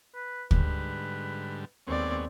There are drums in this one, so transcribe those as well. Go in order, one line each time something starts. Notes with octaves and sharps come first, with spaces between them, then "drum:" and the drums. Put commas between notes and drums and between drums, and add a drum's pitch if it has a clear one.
B4
G#2 D3 G3 B4, drum: kick
D#2 G#3 B3 C4 C#5 D5